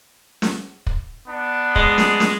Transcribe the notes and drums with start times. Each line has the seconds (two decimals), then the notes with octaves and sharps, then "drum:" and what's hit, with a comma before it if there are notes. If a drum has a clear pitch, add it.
0.42 drum: snare
0.87 drum: kick
1.28 B3 D4
1.76 G#3, drum: kick
1.98 drum: snare
2.20 drum: snare